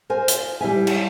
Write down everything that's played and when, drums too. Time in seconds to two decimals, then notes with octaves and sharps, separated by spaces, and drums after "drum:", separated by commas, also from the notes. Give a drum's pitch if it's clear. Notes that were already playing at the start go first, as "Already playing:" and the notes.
0.10 A#4 C5 G#5
0.28 drum: hi-hat
0.61 G3 E4 E5 G#5
0.87 drum: cymbal